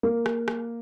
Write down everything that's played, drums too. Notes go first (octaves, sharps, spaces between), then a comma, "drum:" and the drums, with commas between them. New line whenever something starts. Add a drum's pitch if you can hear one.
A#3
drum: rim click
drum: rim click